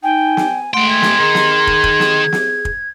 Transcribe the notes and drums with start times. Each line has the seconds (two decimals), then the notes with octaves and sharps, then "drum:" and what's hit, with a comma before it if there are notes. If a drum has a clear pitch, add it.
0.03 D#4 G5 G#5
0.37 drum: snare
0.74 G#3 A3 F#5 G5 C6
0.89 G#6
1.02 drum: snare
1.18 D#3 G#4
1.35 drum: snare
1.67 drum: kick
1.84 drum: kick
2.00 drum: snare
2.32 drum: snare
2.65 drum: kick